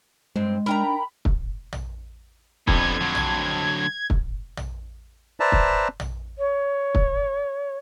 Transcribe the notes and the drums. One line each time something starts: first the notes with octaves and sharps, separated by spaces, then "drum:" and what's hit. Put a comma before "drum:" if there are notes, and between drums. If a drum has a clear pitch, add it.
G2 G#3 C4
D4 D#4 A#4 G5 A#5 B5
drum: kick
drum: tom A#1
F2 D3 B3 G#6, drum: kick
D3 F#3
drum: tom A#1
drum: kick
drum: tom A#1
B4 C5 D5 E5 A5 A#5
drum: kick
drum: tom A#1
C#5
drum: kick